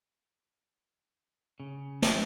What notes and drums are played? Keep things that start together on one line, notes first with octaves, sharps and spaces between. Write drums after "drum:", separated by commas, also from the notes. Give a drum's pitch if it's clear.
C#3
D4, drum: snare